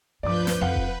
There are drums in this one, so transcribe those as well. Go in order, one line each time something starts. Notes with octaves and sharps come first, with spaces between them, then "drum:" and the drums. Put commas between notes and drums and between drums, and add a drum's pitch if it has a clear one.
D2 G2 F3 B4 D5 D6 G6
drum: snare
F2 D#4 B4 F5 F#5
drum: kick E1